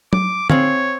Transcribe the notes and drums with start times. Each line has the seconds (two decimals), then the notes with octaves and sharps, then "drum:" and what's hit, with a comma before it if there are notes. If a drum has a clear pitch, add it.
0.13 D6, drum: tom F#3
0.50 C4 G#4 C#5 F5, drum: tom